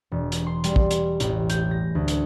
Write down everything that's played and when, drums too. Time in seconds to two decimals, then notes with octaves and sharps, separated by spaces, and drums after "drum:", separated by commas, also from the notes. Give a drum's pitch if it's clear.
0.12 E1
0.32 drum: hi-hat
0.47 C6
0.64 G3, drum: hi-hat
0.76 drum: kick
0.91 drum: hi-hat
1.20 A1, drum: hi-hat
1.50 G6, drum: hi-hat
1.71 A#6
1.95 D2
2.08 drum: hi-hat